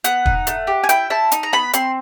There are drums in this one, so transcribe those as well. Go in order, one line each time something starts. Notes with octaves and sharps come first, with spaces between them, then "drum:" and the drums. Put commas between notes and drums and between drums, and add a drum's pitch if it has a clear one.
B3 F#5, drum: hi-hat
D#4, drum: kick
A3, drum: hi-hat
G4
G#5
E4 G5, drum: hi-hat
E4 A5
D#4, drum: hi-hat
A#5
B3 B5
C4 C6, drum: hi-hat